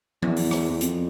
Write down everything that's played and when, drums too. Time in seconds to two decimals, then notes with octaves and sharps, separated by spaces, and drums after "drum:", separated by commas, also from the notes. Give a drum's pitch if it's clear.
0.22 E2, drum: tom F3
0.37 drum: open hi-hat
0.51 drum: rim click
0.69 E2
0.81 F2, drum: hi-hat